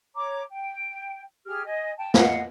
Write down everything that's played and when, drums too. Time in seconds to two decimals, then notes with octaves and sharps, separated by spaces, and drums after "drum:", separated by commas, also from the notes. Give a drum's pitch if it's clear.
0.15 C#5 A#5 D6
0.50 G5
1.46 G4 G#4 F6
1.65 D#5 G#5
1.97 G5 A5
2.14 D#5 F5 F#5, drum: snare